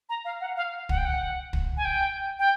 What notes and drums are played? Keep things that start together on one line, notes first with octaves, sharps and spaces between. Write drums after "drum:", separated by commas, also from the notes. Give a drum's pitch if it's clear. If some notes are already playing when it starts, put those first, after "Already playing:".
A#5
F5
F#5
F5
F#5, drum: kick
G5
F#5
drum: kick
G#5
G5
G5